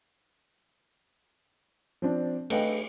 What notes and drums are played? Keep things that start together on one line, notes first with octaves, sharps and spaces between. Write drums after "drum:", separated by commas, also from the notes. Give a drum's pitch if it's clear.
F3 C4 D4
A3 B4 D#5 F5 G5, drum: cymbal